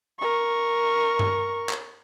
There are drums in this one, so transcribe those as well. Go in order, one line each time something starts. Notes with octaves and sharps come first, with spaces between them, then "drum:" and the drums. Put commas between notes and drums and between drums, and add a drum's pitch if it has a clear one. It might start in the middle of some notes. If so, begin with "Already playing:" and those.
A#4 C#6
drum: tom G2
drum: clap